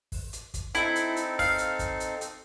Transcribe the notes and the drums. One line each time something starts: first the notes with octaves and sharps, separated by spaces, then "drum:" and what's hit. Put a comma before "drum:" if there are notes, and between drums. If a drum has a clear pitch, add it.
drum: kick, open hi-hat
drum: hi-hat
drum: kick, hi-hat
C4 D#4 E4 A4, drum: hi-hat
drum: hi-hat
drum: hi-hat
F5, drum: kick, open hi-hat
drum: hi-hat
drum: kick, hi-hat
drum: hi-hat
drum: hi-hat